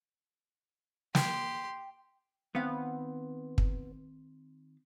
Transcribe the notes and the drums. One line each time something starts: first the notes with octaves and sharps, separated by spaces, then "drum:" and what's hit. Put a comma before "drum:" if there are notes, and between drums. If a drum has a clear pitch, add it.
G4 G5 C6, drum: snare
D#3 B3 C4 F5
drum: kick